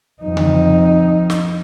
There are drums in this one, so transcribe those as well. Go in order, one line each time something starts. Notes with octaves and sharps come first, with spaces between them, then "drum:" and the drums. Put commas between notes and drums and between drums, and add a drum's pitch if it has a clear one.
F2 D#4
drum: tom C#3
drum: snare